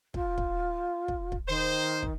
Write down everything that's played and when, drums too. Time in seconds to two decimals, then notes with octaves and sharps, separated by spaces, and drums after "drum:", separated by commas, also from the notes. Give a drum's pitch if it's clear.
0.14 F4, drum: kick
0.38 drum: kick
1.08 drum: kick
1.32 drum: kick
1.48 D#3 C5
2.02 drum: kick